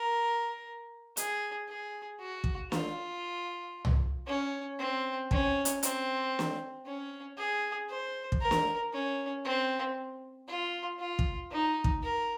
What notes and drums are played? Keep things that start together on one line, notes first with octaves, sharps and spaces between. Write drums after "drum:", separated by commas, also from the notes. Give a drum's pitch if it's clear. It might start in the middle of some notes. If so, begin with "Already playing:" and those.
Already playing: A#4
G#4, drum: hi-hat
G#4
F#4
drum: kick
F4, drum: snare
drum: tom C2
C#4
C4
C#4, drum: kick
drum: hi-hat
C4, drum: hi-hat
drum: snare
C#4
G#4
C5
drum: kick
A#4
drum: snare
C#4
C4
F4
F4
drum: kick
D#4
drum: kick
A#4